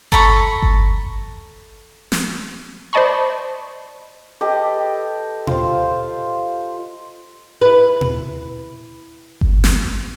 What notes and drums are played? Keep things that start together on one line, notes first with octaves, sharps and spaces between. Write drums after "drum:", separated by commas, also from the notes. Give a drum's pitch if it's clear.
A4 A#5 B5 C#6, drum: kick G1
drum: kick G1
drum: snare
C5 D5 D#5 A5 B5 C#6
G4 A4 B4 D#5
F4 C5 F5, drum: tom A#2
E4 B4
drum: tom A#2
drum: kick G1
drum: snare